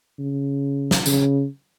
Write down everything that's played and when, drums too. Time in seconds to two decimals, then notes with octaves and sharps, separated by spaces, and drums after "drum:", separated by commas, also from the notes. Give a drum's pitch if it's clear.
0.19 C#3
0.91 drum: snare
1.06 C#3, drum: tambourine